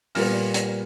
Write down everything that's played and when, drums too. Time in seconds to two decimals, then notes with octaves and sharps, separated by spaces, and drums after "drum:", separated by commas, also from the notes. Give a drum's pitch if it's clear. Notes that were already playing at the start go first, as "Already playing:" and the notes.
0.15 A#2 G3 B3 F6, drum: open hi-hat
0.54 drum: hi-hat